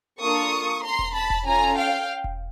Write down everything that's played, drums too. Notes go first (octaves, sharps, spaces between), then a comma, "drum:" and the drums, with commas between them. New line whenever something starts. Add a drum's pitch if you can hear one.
A#3 D4 F4 A4 C#6 D#6
A#5 C6
drum: kick E1
A5 B5
drum: kick E1
C#4 F4 A4 G#5 A#5
F5 G5
drum: kick E1